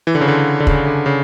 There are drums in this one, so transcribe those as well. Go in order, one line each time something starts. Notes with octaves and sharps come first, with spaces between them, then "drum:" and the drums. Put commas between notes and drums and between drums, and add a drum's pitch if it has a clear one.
E3
D3
C#3
D3
D3
C#3, drum: kick
D3
C#3